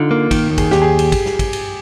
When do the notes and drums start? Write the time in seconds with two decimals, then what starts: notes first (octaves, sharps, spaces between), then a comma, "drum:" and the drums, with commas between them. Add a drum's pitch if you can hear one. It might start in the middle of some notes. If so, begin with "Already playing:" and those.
Already playing: D3 D#4 F4
0.11 A#3
0.31 D#3, drum: kick, cymbal
0.51 D#2
0.58 G#4, drum: kick, cymbal
0.71 D#2 G4, drum: snare
0.82 G#4
0.99 drum: cymbal
1.12 drum: kick, cymbal
1.26 drum: snare
1.39 drum: kick, cymbal
1.53 drum: cymbal